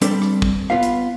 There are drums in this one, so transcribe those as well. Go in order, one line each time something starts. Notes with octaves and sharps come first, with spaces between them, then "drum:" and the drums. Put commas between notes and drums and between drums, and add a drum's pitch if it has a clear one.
G3 C4 D4 A4 B4 D5, drum: hi-hat
drum: rim click
drum: kick
B3 F4 B4 F5
drum: hi-hat